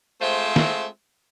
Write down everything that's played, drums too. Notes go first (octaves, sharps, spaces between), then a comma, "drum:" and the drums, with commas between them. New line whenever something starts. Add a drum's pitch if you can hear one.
G#3 A3 C4 F4 C5 E5
drum: snare